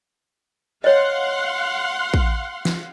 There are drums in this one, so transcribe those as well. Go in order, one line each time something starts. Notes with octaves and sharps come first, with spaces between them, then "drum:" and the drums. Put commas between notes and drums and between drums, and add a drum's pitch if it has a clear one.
C#5 D#5 F5 F#5 C6
drum: kick
drum: snare